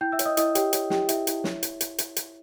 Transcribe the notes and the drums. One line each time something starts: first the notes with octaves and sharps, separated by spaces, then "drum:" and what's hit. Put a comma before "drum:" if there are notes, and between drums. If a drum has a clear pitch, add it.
E4 G5 G6
E5 E6
C#5, drum: hi-hat
D#5 D#6
E4 D#5 D#6, drum: hi-hat
G4 C#5 G5, drum: hi-hat
C#5, drum: hi-hat
E4 G4 G5, drum: snare
E4 E5, drum: hi-hat
E4, drum: hi-hat
C#5, drum: snare
drum: hi-hat
drum: hi-hat
drum: hi-hat
drum: hi-hat